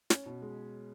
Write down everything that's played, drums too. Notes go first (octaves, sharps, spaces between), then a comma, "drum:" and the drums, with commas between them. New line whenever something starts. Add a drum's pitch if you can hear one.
C#4, drum: snare
B2
G#3